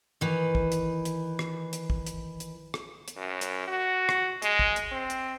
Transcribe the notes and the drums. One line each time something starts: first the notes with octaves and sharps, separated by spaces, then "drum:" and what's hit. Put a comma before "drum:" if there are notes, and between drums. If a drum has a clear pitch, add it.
D#3 E3
drum: kick
drum: hi-hat
drum: hi-hat
drum: rim click
drum: hi-hat
drum: kick
drum: hi-hat
drum: hi-hat
drum: rim click
drum: hi-hat
F#2
drum: hi-hat
F#4
drum: rim click
G#3, drum: hi-hat
drum: kick
drum: hi-hat
C4
drum: hi-hat